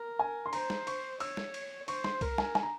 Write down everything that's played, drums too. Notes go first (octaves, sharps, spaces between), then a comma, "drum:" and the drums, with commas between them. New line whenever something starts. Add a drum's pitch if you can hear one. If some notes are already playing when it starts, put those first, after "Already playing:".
Already playing: A#4
G#5
C6
C5 A#5, drum: cymbal
drum: snare
C#6, drum: cymbal
C#5 E6, drum: cymbal
drum: snare
drum: cymbal
C5 C#6, drum: cymbal
C6, drum: snare
A#4, drum: kick C2, cymbal
G#5, drum: snare
G#5, drum: snare
A#5